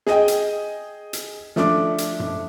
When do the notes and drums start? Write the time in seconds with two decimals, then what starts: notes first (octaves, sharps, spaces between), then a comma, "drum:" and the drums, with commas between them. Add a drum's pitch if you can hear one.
0.07 G#4 D#5 G5, drum: snare
0.28 drum: hi-hat
1.13 drum: hi-hat
1.56 F3 A3 D4 D6, drum: snare
1.98 drum: hi-hat
2.20 drum: tom F#2